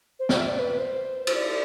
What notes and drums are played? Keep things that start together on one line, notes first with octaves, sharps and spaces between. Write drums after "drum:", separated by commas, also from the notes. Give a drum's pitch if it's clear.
C5
D5, drum: snare
E5
D5
B4
C5
C5, drum: cymbal
D5